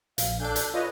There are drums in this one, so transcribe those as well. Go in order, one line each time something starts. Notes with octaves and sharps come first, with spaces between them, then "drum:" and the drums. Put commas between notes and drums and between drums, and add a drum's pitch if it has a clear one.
A#1 F5, drum: hi-hat
D4 A4 D5 G#5 G6
A5, drum: hi-hat
F4 B4 C#5 D#5